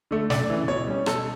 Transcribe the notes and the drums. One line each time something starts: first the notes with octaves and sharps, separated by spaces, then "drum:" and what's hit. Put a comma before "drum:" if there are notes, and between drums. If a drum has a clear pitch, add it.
D3 A3
F#2 D5, drum: snare
C#3 E3
B2 C#5
G3 C#4
B2 A4, drum: rim click